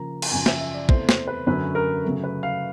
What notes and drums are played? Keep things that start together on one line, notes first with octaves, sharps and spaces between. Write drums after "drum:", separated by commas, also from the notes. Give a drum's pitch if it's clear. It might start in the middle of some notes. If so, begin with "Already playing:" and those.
Already playing: C#3 F3 A#3 A#5
drum: cymbal
F#2 C#3 F3 G#5
E5, drum: snare
E5
D5
E2 C3 E3 A3 C5, drum: kick
C5, drum: snare
B4
F#2 D3 F#3 A3 C#4 B4
A#4
C#3 F#3 A3
B4
F5